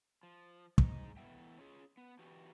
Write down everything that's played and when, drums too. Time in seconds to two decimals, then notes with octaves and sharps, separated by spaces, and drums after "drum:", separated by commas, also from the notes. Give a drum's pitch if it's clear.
0.23 F3
0.78 G#2 D#4, drum: kick
1.17 E3 A3 B3 E5 G5
1.58 C#4 F4 G#4
1.97 B3
2.19 E3 F#4 G4